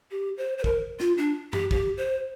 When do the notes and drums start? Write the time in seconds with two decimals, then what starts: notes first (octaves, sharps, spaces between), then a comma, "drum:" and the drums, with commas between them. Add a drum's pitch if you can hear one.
0.11 G4
0.38 C5
0.58 C5
0.64 A#4, drum: kick
1.00 F4, drum: snare
1.18 D4
1.53 G4, drum: tom F#2
1.71 G4, drum: kick
1.97 C5